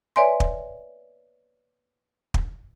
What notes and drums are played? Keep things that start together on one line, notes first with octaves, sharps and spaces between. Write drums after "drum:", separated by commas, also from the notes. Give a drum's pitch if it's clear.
B4 C#5 D5 E5 G#5 C6
drum: kick
drum: kick